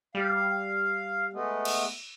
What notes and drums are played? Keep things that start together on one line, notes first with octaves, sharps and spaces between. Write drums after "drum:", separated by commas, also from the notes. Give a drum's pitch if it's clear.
G3 F5
G#3 A3 B3
drum: cymbal